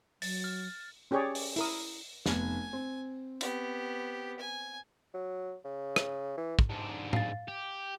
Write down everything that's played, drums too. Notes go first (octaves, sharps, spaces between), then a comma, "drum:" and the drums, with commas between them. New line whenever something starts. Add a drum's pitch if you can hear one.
F#3 A6, drum: open hi-hat
F6
C#4 G4 G#4 C#5 D5
drum: open hi-hat
E4 A#4 D#6, drum: open hi-hat
F1 B3 G#5, drum: snare
C4
B3 G4, drum: hi-hat
G#5
F#3
C#3
drum: rim click
E3
drum: kick
G#2 D4
F5 A6, drum: tom A2
G4